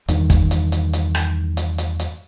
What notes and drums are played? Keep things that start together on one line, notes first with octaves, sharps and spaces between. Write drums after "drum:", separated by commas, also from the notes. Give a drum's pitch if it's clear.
E2 G2 D#3, drum: hi-hat
drum: kick, hi-hat
drum: hi-hat
drum: hi-hat
drum: hi-hat
drum: rim click
drum: hi-hat
drum: hi-hat
drum: hi-hat